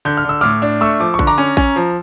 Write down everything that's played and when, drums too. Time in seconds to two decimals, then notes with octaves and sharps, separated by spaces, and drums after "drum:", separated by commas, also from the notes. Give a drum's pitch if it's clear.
0.05 D3 G6
0.17 F6
0.25 D3 E6
0.41 A2 D6 F6
0.62 D4
0.81 A3 C#6 E6
1.00 F3 D6
1.14 C#6
1.19 D3, drum: kick A1
1.27 A#5 D6
1.38 C#4
1.57 C#4, drum: kick A1
1.76 F3